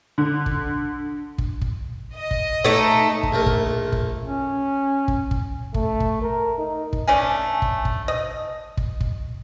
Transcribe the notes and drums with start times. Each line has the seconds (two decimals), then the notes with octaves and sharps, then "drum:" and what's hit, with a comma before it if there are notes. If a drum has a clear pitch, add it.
0.18 D3
0.46 drum: kick
1.38 drum: kick
1.61 drum: kick
2.14 D#5
2.31 drum: kick
2.64 A3 D#4
3.23 drum: kick
3.32 A#1 A3 A#4
3.46 drum: kick
3.92 drum: kick
4.24 C#4
5.08 drum: kick
5.31 drum: kick
5.74 A3, drum: kick
6.00 drum: kick
6.22 A#4
6.58 D#4
6.93 drum: kick
7.08 A3 C#4 D4 G#5
7.62 drum: kick
7.85 drum: kick
8.08 D#5
8.77 drum: kick
9.00 drum: kick